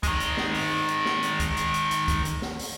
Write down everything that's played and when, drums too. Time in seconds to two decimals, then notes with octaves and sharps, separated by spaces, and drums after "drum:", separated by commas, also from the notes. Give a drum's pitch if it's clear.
0.03 D#3 G#3, drum: kick, hi-hat
0.20 drum: hi-hat
0.37 drum: snare
0.54 drum: open hi-hat
0.88 drum: hi-hat
1.05 drum: snare
1.23 drum: hi-hat
1.40 drum: kick, hi-hat
1.57 drum: hi-hat
1.74 drum: hi-hat
1.91 drum: hi-hat
2.08 drum: kick, hi-hat
2.25 drum: hi-hat
2.42 drum: snare
2.59 drum: open hi-hat